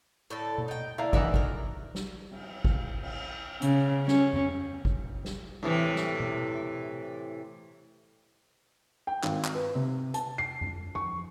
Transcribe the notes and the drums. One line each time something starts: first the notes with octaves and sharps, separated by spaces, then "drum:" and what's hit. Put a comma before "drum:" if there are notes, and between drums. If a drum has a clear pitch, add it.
A2 D3 A4
drum: tom B2
D#4 G5
D3 E4 F5 A#5
E3 D4 D#4 A#4 E5 F#5, drum: kick
A2 A#4, drum: kick
drum: snare
drum: cymbal
drum: kick
drum: cymbal
C#3, drum: hi-hat
C#4, drum: snare
drum: tom F2
drum: kick
drum: snare
A2 C3 E3
drum: snare
drum: tom B2
G5
G#1, drum: clap
drum: clap
B4
C3
A5, drum: hi-hat
C7
drum: tom F2
C#6, drum: tom